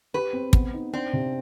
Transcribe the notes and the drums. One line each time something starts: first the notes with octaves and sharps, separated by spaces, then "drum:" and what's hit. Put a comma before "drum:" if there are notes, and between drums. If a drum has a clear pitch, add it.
G4 B4
C4
B3, drum: kick
D#4
C4 D4
C3